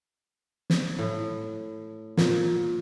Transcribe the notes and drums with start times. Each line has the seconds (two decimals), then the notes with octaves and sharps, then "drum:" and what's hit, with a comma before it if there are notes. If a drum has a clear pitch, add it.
0.70 drum: snare
0.99 A2
2.17 A#2, drum: snare